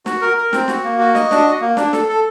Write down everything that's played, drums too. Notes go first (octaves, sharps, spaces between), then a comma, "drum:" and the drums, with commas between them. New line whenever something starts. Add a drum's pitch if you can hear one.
F#4, drum: snare
A#4
A#4
C4, drum: snare
F#4, drum: snare
A#3
F#4
D#5, drum: snare
D4, drum: snare
F#4
A#3
D4, drum: snare
A4, drum: snare
A4